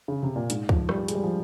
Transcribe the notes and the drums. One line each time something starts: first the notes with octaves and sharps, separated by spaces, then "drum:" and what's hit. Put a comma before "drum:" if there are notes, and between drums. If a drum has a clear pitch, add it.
C#3
C3
A#2
G#2, drum: hi-hat
F3, drum: kick C#2
G3, drum: rim click
G#3, drum: hi-hat
G3
F3